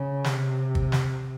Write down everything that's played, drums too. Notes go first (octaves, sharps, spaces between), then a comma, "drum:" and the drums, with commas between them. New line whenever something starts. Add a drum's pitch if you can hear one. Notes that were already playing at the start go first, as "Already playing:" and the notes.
Already playing: C#3
C3, drum: snare
drum: kick
drum: snare